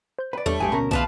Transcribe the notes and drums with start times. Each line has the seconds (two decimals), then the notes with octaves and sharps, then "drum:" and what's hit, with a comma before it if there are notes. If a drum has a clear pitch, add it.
0.19 C5 G6
0.33 B4 D5
0.46 E2 G3 A3 D4 A4 C#5
0.60 A1 G2 G#3 G4 G#5
0.72 D2 B2 C#4 A#4 B5
0.91 E2 F4 B4 A5, drum: kick